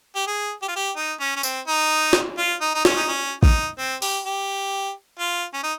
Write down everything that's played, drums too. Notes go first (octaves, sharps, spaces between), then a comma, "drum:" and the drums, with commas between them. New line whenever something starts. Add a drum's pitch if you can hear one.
G4
G#4
G4
F4
G4
D#4
C#4
C#4
C4, drum: tambourine
D#4
drum: snare
F4
D#4
D#4
C#4, drum: snare
D#4
C#4
D#4, drum: kick
C4
G4, drum: open hi-hat
G4
F4
C#4
D#4